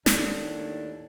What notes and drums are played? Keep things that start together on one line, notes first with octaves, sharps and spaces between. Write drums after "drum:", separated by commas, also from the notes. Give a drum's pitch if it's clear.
D#2 A2 D4, drum: snare